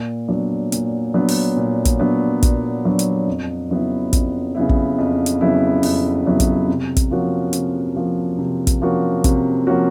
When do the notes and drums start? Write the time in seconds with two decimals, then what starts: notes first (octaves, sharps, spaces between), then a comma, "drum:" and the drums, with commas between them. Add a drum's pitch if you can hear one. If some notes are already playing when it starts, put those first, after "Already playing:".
Already playing: A#2
0.28 F#3 B3 D4
0.72 A#2, drum: hi-hat
1.14 F#3 B3 D4
1.28 drum: open hi-hat
1.57 A#2
1.85 drum: kick, hi-hat
1.99 F#3 B3 D4
2.43 A#2, drum: kick, hi-hat
2.85 F#3 B3 D4
2.99 drum: hi-hat
3.27 F2
3.70 C#3 F#3 B3 E4
4.13 F2, drum: kick, hi-hat
4.55 C#3 F#3 B3 E4
4.69 drum: kick
4.98 F2
5.26 drum: hi-hat
5.41 C#3 F#3 B3 E4
5.83 F2, drum: open hi-hat
6.26 C#3 F#3 B3 E4
6.40 drum: kick, hi-hat
6.68 C3
6.96 drum: kick, hi-hat
7.11 F3 A#3 C#4 F#4
7.53 C3, drum: hi-hat
7.96 F3 A#3 C#4 F#4
8.38 C3
8.67 drum: kick, hi-hat
8.82 F3 A#3 C#4 F#4
9.24 C3, drum: kick, hi-hat
9.67 F3 A#3 C#4 F#4